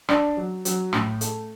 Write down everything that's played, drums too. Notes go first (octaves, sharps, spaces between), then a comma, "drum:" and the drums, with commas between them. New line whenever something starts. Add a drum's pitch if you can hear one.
D4, drum: rim click
F#3
F#3, drum: hi-hat
A2, drum: rim click
A3, drum: hi-hat